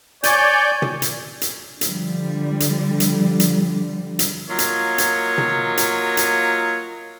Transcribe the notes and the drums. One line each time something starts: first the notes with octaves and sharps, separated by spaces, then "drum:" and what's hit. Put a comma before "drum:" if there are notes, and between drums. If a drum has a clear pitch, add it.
C#5 D5 G#5 G6, drum: hi-hat
drum: tom
drum: hi-hat
drum: hi-hat
D3 F3 G3, drum: hi-hat
drum: hi-hat
drum: hi-hat
drum: hi-hat
drum: hi-hat
F#3 A#3 F4 C#5 D#5
drum: hi-hat
drum: hi-hat
drum: tom
drum: hi-hat
drum: hi-hat